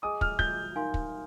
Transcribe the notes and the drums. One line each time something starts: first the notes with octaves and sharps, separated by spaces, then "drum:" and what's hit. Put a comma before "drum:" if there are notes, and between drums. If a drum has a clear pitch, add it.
G#4 D#5 G#5 D6 D#6
F6, drum: kick
G6, drum: kick
D#4 A#4 F5 G#5 C6
drum: kick